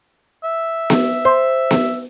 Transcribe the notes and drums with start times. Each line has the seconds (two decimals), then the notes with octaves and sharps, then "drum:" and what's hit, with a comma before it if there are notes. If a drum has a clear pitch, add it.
0.44 E5
0.90 drum: snare B3
1.25 C5
1.71 drum: snare B3